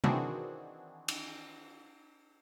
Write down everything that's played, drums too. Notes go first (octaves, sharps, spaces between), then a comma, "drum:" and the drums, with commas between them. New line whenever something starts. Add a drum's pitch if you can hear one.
D#3 E3 C4 D4 F#4 G#4, drum: tom C3
drum: cymbal